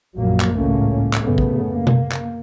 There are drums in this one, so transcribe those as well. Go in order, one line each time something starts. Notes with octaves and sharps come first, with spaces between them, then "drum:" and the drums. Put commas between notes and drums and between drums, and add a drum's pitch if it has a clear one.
A#1 F#2 F#3 A#3
drum: clap
G#1 C#2 A2 A3 A#3 C#4
drum: clap
F#2 C#3 A3 B3
drum: kick
A#3
drum: tom B2
drum: clap